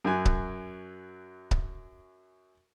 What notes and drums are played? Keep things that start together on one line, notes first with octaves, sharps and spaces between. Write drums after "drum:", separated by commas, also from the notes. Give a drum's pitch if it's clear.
F#2 F#3 G#5
drum: kick C#1
drum: kick C#1